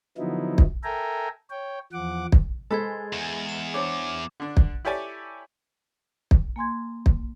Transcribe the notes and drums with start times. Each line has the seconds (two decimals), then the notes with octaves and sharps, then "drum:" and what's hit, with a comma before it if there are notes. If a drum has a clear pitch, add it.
0.18 D3 F3 F#3 B3 D#4 E4
0.58 drum: kick
0.84 A4 A#4 E5 G5 G#5 A#5
1.50 C#5 G5
1.93 E2 F3 F#5 D6
2.32 drum: kick
2.71 G#3 A4 B4 C5 G#6 A6
3.13 E2
3.49 E7
3.74 D4 C5 C#5 D6
4.40 D3 D4
4.57 drum: kick
4.85 E4 G4 A4 C#5 D5 G#5
6.31 drum: kick
6.56 A#3 G#5 C6 G#6
7.06 drum: kick